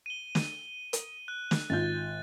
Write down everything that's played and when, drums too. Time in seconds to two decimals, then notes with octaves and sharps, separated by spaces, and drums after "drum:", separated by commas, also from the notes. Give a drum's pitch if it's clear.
0.06 D#7 G7
0.35 drum: snare
0.93 drum: hi-hat
1.28 F#6
1.51 drum: snare
1.70 G#1 F4 G6 A6